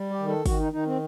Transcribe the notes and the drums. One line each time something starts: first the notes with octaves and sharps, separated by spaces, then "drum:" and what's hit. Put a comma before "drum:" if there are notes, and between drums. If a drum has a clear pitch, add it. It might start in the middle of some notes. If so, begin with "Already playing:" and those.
Already playing: G3
G4
D#3
A4
D#3 F#4, drum: kick, open hi-hat
D#4
D#3 D#4
C4